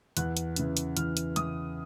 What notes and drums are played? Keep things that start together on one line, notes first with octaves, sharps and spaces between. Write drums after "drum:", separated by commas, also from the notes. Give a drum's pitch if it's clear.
E2 F#6, drum: hi-hat
drum: hi-hat
C#3 E3, drum: hi-hat
drum: hi-hat
E2 F6, drum: hi-hat
drum: hi-hat
C#3 E3 D#6, drum: hi-hat